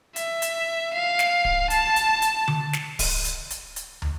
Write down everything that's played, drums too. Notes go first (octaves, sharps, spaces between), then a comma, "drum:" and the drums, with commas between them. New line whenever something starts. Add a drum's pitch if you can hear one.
E5, drum: hi-hat
drum: hi-hat
F5
drum: snare
drum: kick D1
A5, drum: hi-hat
drum: hi-hat
drum: hi-hat
drum: tom D3
drum: snare
drum: kick D1, open hi-hat
drum: hi-hat
drum: hi-hat
drum: hi-hat
drum: tom